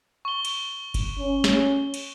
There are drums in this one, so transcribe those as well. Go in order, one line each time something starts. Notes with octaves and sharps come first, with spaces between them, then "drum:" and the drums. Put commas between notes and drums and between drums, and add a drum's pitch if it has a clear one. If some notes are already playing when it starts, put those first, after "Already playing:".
C#6 G7
drum: cymbal
drum: kick G1, cymbal
C#4
drum: snare
drum: cymbal